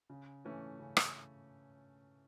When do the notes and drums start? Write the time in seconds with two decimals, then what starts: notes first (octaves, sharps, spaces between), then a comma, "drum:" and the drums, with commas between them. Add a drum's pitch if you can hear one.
0.10 C#3
0.45 E3 A3 C#4
0.79 C#3
0.97 drum: rim click